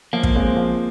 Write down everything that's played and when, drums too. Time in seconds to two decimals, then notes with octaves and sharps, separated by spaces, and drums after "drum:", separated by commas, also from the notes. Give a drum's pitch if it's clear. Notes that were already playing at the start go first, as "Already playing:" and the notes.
0.13 F3 A#3
0.23 drum: kick
0.35 G#3 C4 F4
0.57 F3